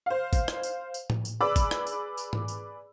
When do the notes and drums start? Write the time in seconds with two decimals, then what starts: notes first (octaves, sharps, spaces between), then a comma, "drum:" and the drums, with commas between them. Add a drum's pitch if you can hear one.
0.06 C5 F5
0.33 drum: kick G#1, tambourine
0.48 drum: rim click
0.63 drum: tambourine
0.94 drum: tambourine
1.10 drum: tom A2
1.25 drum: tambourine
1.40 G#4 B4 D5 B5 D6 E6
1.56 drum: kick G#1, tambourine
1.71 drum: rim click
1.87 drum: tambourine
2.17 drum: tambourine
2.33 drum: tom G#2
2.48 drum: tambourine